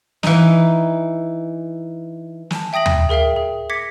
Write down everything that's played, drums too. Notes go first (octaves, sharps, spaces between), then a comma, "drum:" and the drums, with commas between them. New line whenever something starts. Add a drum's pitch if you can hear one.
E3 D#4, drum: snare
G#5 A5, drum: snare
E5 G5 D#6 A#6 F#7
drum: tom D#2
G#4 A#4 E5 F5 G5
G#4
D6 G#6 A#6 B6 C#7